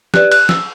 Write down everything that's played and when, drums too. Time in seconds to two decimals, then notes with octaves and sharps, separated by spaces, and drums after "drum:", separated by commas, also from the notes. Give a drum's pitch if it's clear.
0.14 G4 B4 D5 F#6, drum: snare
0.32 F#6, drum: cymbal
0.49 E6, drum: snare